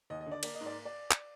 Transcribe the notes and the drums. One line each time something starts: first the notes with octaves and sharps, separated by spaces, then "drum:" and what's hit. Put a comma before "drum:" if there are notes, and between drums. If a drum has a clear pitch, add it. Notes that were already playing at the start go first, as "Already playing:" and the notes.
D#2 D#5
D#5
D3
D5
A#3 D5, drum: cymbal
D#5
G#2
D5
D5
drum: clap